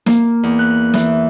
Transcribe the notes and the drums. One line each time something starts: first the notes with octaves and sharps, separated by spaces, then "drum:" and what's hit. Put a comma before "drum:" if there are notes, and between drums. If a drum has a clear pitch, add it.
A#3, drum: snare
E2
F#6
E3, drum: snare